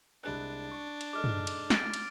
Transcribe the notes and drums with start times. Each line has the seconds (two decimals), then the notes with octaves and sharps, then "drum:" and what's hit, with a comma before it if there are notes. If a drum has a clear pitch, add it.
0.23 C2 G#3 D4 F#6
0.71 C#6
1.01 drum: cymbal
1.13 G#3 D#4 A4 D6 F6
1.24 drum: tom
1.47 drum: cymbal
1.70 A6 D7, drum: snare
1.94 drum: cymbal